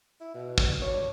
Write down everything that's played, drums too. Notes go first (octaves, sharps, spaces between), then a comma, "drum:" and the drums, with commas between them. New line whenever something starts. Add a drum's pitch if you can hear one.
E4
B2
drum: kick
G2 A#2 C#5